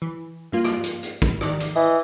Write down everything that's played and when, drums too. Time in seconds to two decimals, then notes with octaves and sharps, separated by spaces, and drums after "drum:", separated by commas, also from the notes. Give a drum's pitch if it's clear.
0.02 E3
0.52 G2 A#3 F4
0.64 drum: rim click
0.84 drum: hi-hat
1.03 drum: hi-hat
1.22 drum: kick, hi-hat
1.41 D#3 D5, drum: rim click
1.60 drum: hi-hat
1.76 E3 D#5